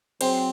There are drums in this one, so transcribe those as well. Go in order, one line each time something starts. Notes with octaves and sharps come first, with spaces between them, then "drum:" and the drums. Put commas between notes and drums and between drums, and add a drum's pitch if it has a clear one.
F#3 C4 G#4 C5, drum: cymbal